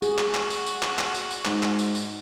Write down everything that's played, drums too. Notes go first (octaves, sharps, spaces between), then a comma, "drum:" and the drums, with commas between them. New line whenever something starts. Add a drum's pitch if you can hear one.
F#4 G#4, drum: tambourine
drum: clap
drum: clap
drum: tambourine
drum: tambourine
drum: clap
drum: clap
drum: tambourine
drum: tambourine
G#2, drum: clap
drum: clap
drum: tambourine
drum: tambourine